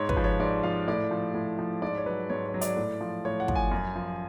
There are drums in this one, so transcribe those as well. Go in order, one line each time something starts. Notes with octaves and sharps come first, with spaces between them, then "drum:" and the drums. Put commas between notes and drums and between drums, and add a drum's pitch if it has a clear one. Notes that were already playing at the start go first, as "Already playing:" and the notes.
Already playing: G#2 C#5
B4, drum: kick
F3
C#5
G#2 D5
F3 F5
A2 D5
F3
A2
F3
G#2 D5
C#5
F#3 B4
G#2 C#5
C#5
F#3
D5, drum: hi-hat
A2
F3
A2 C#5
F#5
F3, drum: kick
G#5
F#2
F3